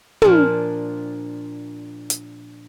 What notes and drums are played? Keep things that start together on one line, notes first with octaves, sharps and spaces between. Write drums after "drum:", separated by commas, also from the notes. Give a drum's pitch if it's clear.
A#2 F3 D4 F4 G#5, drum: tom
drum: hi-hat